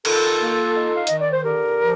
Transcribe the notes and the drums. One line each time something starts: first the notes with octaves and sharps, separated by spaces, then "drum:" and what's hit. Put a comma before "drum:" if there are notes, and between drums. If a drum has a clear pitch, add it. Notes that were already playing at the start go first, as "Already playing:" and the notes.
D#3 F4 A4, drum: cymbal
A#3
D#4
F5
D#3 D#5, drum: hi-hat
D5
C5
D3 G4 A#4
F3